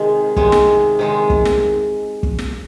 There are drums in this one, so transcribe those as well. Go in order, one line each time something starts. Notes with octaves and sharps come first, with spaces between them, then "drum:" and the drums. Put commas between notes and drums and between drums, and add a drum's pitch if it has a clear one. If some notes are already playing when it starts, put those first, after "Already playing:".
Already playing: C3 D#3 G#3
C3 D#3 G#3, drum: kick
drum: snare
C3 D#3 G#3
drum: kick
drum: snare
drum: kick
drum: snare